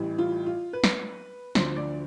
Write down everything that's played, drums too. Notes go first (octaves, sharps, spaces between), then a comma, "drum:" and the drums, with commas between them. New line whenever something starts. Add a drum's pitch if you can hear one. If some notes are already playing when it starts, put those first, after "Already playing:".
Already playing: A1 A2 E3 G3
F4
F4
B4
drum: snare
D2 D3 F3 C5, drum: snare
D5